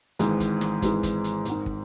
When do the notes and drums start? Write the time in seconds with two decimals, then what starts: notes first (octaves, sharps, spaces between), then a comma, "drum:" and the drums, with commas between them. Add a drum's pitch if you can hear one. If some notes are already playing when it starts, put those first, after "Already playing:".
0.19 G#1 G#2 E3 G#3, drum: hi-hat
0.40 drum: kick, hi-hat
0.61 drum: snare
0.82 G#1 G#2 E3 G#3, drum: kick, hi-hat
1.03 drum: kick, hi-hat
1.24 drum: hi-hat
1.45 G#1 G#2 D#3, drum: hi-hat
1.66 drum: kick